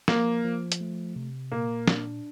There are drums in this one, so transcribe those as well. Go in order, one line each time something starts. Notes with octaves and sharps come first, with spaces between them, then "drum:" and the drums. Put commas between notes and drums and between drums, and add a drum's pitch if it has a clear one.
F3 A#3, drum: snare
F3
drum: hi-hat
A3
C3
A#2 A#3
D4, drum: snare